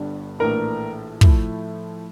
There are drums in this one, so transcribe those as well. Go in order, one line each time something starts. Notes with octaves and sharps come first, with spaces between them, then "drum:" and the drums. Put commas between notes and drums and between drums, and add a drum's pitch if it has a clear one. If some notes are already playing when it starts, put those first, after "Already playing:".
Already playing: G1 G2 D3 G3 D4
A#1 A2 E3 A3 D4 A#4 A#5
A2 F3 A3 E4, drum: kick